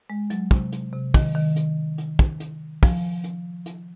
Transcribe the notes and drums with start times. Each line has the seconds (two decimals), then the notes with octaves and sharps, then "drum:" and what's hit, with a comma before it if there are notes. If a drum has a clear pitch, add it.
0.10 G#3
0.30 F#3, drum: hi-hat
0.51 C3, drum: kick
0.72 drum: hi-hat
0.93 C3
1.14 D#3, drum: kick, open hi-hat
1.35 D#3
1.56 drum: hi-hat
1.98 drum: hi-hat
2.19 drum: kick
2.40 drum: hi-hat
2.83 F3, drum: kick, open hi-hat
3.24 drum: hi-hat
3.66 drum: hi-hat